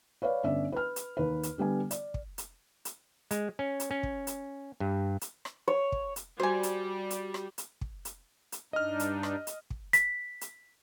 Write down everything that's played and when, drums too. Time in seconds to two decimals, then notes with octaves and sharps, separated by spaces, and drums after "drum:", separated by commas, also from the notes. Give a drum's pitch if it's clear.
0.22 B4 C#5 D5 F5
0.43 G1 B3 C#4 D5 E5
0.72 B4 F6
0.96 drum: hi-hat
1.17 D#2 B4
1.43 drum: hi-hat
1.58 D3 G3 B3 G#5
1.91 D5, drum: hi-hat
2.14 drum: kick
2.38 drum: hi-hat
2.85 drum: hi-hat
3.31 G#3, drum: hi-hat
3.59 C#4
3.80 drum: hi-hat
3.91 C#4
4.03 drum: kick
4.27 drum: hi-hat
4.80 G2
5.21 drum: hi-hat
5.45 drum: rim click
5.68 C#5
5.92 drum: kick
6.16 drum: hi-hat
6.40 G3 F#4 C5 G#5
6.63 drum: hi-hat
7.10 drum: hi-hat
7.34 drum: rim click
7.58 drum: hi-hat
7.81 drum: kick
8.05 drum: hi-hat
8.52 drum: hi-hat
8.73 G2 D4 D#4 D#5 F6
9.00 drum: hi-hat
9.23 drum: rim click
9.47 drum: hi-hat
9.70 drum: kick
9.93 B6, drum: hi-hat
10.41 drum: hi-hat